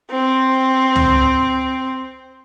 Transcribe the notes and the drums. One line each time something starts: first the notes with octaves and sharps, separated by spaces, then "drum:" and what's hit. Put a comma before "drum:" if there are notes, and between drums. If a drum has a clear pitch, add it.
C4
drum: tom C#2